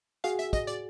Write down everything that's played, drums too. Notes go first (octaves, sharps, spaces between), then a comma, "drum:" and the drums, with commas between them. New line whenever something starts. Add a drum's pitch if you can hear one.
F#4 G#4 F5, drum: hi-hat
E5, drum: hi-hat
D#5, drum: kick, hi-hat
D5, drum: hi-hat